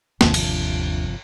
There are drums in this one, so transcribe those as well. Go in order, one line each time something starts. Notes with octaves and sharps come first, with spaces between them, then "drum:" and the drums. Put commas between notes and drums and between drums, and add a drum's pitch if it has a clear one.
G1 D#2 C3 F3 D4, drum: snare
drum: cymbal